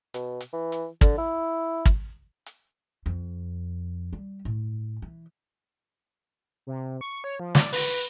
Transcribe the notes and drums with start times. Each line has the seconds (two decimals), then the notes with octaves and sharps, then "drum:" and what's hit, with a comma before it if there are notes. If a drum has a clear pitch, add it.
0.14 B2, drum: hi-hat
0.41 drum: hi-hat
0.53 E3
0.72 drum: hi-hat
1.01 D3, drum: kick
1.18 E4
1.85 drum: kick
2.46 drum: hi-hat
3.06 F2
4.13 G3
4.45 A2
5.02 E3
6.67 C3
7.01 C#6
7.24 C#5
7.40 F3
7.55 D5, drum: snare
7.73 B4, drum: open hi-hat